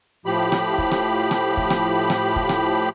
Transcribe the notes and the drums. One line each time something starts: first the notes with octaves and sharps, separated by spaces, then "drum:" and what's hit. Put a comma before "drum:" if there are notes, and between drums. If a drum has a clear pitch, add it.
A2 F3 G4 B5
drum: rim click
drum: kick
drum: rim click
drum: rim click
drum: kick
drum: rim click
drum: rim click
drum: kick
drum: rim click